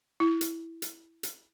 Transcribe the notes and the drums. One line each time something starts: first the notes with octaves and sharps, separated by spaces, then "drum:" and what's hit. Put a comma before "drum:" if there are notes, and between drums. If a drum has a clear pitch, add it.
E4
drum: hi-hat
drum: hi-hat
drum: hi-hat